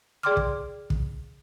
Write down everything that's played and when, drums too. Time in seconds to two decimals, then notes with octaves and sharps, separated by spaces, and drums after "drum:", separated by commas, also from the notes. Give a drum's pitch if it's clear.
0.23 G#4 D5 G5 C6 D6 F6
0.37 drum: kick
0.90 drum: kick